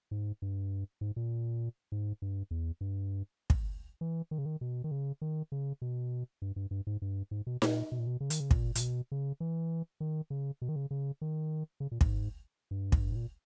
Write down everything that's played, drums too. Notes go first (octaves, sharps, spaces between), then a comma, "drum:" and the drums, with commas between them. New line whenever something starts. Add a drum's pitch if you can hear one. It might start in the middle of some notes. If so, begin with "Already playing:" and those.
G#2
G2
G#2
A#2
G#2
G2
E2
G2
drum: kick
E3
D#3
C#3
D#3
B2
D#3
C#3
D#3
C#3
B2
G2
G2
G2
G#2
G2
G#2
B2
A#2, drum: snare D#4
B2
A#2
B2
C#3
D#3, drum: hi-hat
C#3
A#2, drum: kick
A#2, drum: hi-hat
B2
C#3
E3
D#3
C#3
B2
D#3
C#3
C#3
D#3
C#3
A#2
G#2, drum: kick
G2
G#2, drum: kick
G2
G#2
A#2